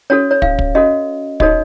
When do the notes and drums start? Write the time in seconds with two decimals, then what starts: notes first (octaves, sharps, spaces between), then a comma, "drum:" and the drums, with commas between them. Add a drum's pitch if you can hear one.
0.10 C#4 F#4 A4 C#5
0.31 C#5
0.42 F5, drum: kick
0.59 drum: kick
0.75 C#4 F#4 A4 D#5
1.40 D#4 F#4 A4 C#5 D#5, drum: kick